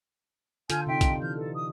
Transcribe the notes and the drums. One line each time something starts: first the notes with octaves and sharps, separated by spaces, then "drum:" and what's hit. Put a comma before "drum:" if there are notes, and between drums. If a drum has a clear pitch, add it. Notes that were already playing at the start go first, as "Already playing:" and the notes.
D3 F4 A4 G#5 F6 G6, drum: hi-hat
C3 D#4 E5 G5 C6
drum: kick, hi-hat
E3 F6 G6
A4
D#6